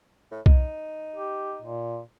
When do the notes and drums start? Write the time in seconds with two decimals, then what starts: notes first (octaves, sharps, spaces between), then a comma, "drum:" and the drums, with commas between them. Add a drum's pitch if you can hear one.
0.31 A2
0.46 D#4, drum: kick B1
1.15 G4
1.62 A#2